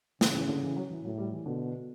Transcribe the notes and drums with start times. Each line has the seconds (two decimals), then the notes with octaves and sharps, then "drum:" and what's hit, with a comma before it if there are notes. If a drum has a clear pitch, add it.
0.21 C#3 E3, drum: snare
0.35 E3
0.49 D3
0.63 E3
0.76 F#3
0.90 E3
1.04 A2 F#3
1.18 G3
1.32 E3
1.46 B2 D3